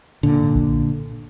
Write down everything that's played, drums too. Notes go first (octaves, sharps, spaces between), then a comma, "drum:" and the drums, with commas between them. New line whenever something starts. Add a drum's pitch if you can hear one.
A#2 D3, drum: hi-hat
drum: tom G2
drum: kick A#1